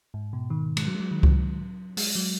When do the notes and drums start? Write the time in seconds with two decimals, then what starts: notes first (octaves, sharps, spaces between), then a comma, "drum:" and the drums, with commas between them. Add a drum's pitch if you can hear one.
0.14 G#2
0.33 B2
0.50 D#3
0.77 G#3, drum: cymbal
0.87 F#3
0.95 G#3
1.00 F#3
1.11 D#3
1.23 F#3, drum: kick C#2
1.97 G#3, drum: open hi-hat
2.15 F#3